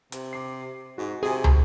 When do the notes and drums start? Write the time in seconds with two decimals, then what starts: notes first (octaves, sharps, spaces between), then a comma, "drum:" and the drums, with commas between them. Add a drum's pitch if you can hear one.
0.12 C3, drum: hi-hat
0.33 D6 C7
0.98 G#2 F#4
1.23 C3 G#4
1.44 drum: tom